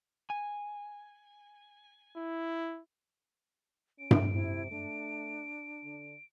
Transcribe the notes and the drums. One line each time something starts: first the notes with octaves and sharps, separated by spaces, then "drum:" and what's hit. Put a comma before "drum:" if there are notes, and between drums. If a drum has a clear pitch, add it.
G#5
E4
C#4 D7
drum: tom G2
C3 E4
A3 D4
D3